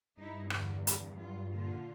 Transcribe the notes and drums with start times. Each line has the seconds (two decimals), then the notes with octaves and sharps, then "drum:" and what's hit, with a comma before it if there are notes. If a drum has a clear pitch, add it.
0.18 G2 D#4 E4
0.50 E2 D3, drum: rim click
0.87 drum: hi-hat
1.17 F#3 F4
1.53 A#2 D3 F4